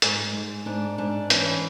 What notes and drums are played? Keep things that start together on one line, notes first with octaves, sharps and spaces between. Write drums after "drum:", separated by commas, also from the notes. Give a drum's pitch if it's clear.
G#2 G#3, drum: hi-hat
G#2
G#2 D4
G#2 D4
E3 C#4, drum: hi-hat